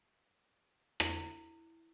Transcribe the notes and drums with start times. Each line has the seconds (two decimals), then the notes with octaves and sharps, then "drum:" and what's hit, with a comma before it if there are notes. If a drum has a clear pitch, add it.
1.00 E4, drum: rim click